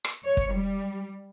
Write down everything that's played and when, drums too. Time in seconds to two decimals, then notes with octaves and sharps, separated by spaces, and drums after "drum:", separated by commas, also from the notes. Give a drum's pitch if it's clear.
0.04 drum: rim click
0.24 C#5
0.37 drum: kick
0.53 G3